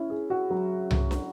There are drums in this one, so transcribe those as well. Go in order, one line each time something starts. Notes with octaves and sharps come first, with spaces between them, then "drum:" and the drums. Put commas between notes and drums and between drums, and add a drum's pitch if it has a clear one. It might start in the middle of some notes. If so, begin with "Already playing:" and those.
Already playing: C#4 E4
G#4
F#4
F#3
drum: tom C2
drum: snare